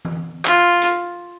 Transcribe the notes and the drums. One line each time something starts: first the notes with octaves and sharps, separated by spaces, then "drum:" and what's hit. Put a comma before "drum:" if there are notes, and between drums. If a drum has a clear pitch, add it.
drum: tom E3
F4, drum: clap
drum: hi-hat